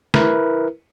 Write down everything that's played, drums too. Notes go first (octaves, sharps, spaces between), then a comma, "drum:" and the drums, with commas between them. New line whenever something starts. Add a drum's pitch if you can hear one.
E4 A#4 B4, drum: snare